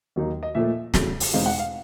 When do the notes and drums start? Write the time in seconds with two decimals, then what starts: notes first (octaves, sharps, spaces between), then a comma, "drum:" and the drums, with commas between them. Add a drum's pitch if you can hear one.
0.16 D#2 D#3 F#3 A#3 D#4
0.43 D#5
0.55 A#2 F3 A3 E5
0.94 E2 C#3 F#3 A3, drum: snare
1.20 drum: open hi-hat
1.33 E2 B2 G#3 C4 D#4 F5
1.46 F#5
1.59 F5